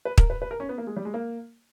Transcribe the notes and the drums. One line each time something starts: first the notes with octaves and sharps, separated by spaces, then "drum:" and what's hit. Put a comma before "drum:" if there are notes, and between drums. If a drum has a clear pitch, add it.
B4
A#4, drum: kick
B4
B4
A#4
C#4
B3
A#3
G#3
G3
G#3
A#3